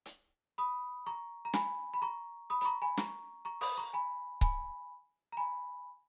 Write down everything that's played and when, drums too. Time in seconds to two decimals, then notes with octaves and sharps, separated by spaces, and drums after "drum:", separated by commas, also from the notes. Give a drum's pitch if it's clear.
0.05 drum: hi-hat
0.58 B5 D#6
1.06 A#5 C#6
1.45 A#5
1.53 G#5 B5, drum: snare
1.94 B5
2.02 A#5 C#6
2.50 B5 D#6
2.61 B5, drum: hi-hat
2.65 A#5 C#6
2.82 G#5 B5
2.97 A#5 C#6, drum: snare
3.45 A#5 C#6
3.61 B5 D#6, drum: open hi-hat
3.78 A#5 C#6
3.93 G#5 B5
4.41 G#5 B5, drum: kick C#1
5.32 A#5
5.37 G#5 B5